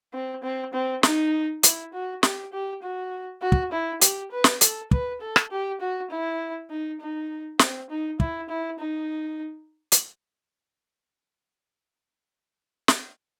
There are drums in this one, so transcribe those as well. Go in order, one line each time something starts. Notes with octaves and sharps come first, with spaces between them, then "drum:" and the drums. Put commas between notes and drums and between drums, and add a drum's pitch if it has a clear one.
C4
C4
C4
D#4, drum: snare
E4, drum: hi-hat
F#4
G4, drum: snare
G4
F#4
F#4
drum: kick
E4
G4, drum: hi-hat
B4
drum: snare
A4, drum: hi-hat
B4, drum: kick
A4
drum: rim click
G4
F#4
E4
D#4
D#4
C4, drum: snare
D#4
E4, drum: kick
E4
D#4
drum: hi-hat
drum: snare